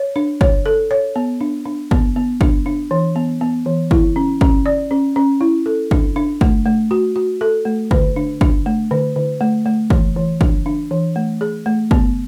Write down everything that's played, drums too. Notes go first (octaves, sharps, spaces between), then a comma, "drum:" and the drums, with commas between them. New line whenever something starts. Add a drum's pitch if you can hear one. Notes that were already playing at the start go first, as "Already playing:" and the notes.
Already playing: C#5
D4
C#5, drum: kick
A4
C#5
B3
D4
D4
B3, drum: kick
B3
D4, drum: kick
D4
E3
B3
B3
E3
E4, drum: kick
C#4
C#4, drum: kick
D5
C#4
C#4
E4
A4
D4, drum: kick
D4
A3, drum: kick
A3
F#4
F#4
A4
A3
D3, drum: kick
D4
D4, drum: kick
A3
D3
D3
A3
A3
E3, drum: kick
E3
D4, drum: kick
D4
E3
A3
G#4
A3
B3, drum: kick